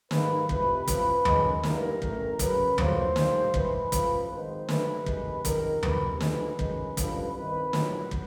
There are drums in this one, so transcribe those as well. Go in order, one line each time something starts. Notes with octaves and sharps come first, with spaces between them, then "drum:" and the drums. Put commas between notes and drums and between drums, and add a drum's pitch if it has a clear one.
G#2 D#3 G3 A#3 B4, drum: snare
F2 C3 E3 A3 B4, drum: kick
A1 A2 F3, drum: kick, hi-hat
F#2 D#3 G#3, drum: tom D#2
G2 E3 G3 A#3 A#4, drum: snare
A1 A2 E3 A3, drum: kick
F#2 C#3 F#3 B4, drum: kick, hi-hat
A#1 A2 F#3 A#3 C5, drum: tom D#2
B1 A#2 G3 A#3, drum: snare
G#1 G#2 E3 G#3 B4, drum: kick
A1 A2 F3, drum: kick, hi-hat
G#1 G#2 D#3 C5
G2 D3 F#3 A3 B4, drum: snare
D2 C3 D#3 G#3, drum: kick
C#2 C3 D#3 A#4, drum: kick, hi-hat
D2 C3 E3 B4, drum: tom D#2
D2 D3 F3 G#3 B4, drum: snare
F#2 D#3 G#3, drum: kick
A1 G2 D3 F3, drum: kick, hi-hat
C2 C3 D#3 B4
A#1 A2 F#3, drum: snare
drum: kick